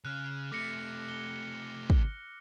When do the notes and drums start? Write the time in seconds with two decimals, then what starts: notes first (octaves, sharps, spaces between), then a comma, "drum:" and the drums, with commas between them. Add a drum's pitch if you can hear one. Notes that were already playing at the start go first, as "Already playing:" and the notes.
0.05 C#3 F6 F#6
0.52 C3 A3 D6 A#6 C#7
1.09 G7
1.90 drum: kick